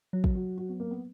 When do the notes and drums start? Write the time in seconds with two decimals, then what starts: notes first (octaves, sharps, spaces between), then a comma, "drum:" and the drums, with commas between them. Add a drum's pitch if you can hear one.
0.13 F#3 F#4
0.24 drum: kick
0.35 F#4
0.58 F#4
0.69 B3
0.80 A#3
0.91 B3